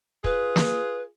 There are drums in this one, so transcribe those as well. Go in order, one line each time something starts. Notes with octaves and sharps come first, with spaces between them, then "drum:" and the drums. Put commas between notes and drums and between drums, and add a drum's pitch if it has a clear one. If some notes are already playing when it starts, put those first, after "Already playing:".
F4 G#4 B4, drum: kick
drum: snare